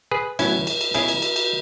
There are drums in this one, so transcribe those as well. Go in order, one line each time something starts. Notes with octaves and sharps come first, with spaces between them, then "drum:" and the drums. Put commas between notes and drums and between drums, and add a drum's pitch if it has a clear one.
G#4 B4
A2 F#3 B3 C#4 E4, drum: cymbal
drum: cymbal
drum: cymbal
B2 G#3 C#4 E4 G#4, drum: cymbal
drum: cymbal
drum: cymbal
drum: cymbal